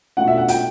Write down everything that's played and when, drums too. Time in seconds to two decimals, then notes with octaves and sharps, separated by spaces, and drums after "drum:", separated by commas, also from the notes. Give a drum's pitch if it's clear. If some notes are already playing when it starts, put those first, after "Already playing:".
0.17 B2 A3 D4 F#5
0.28 E5
0.38 F#5
0.48 G5, drum: hi-hat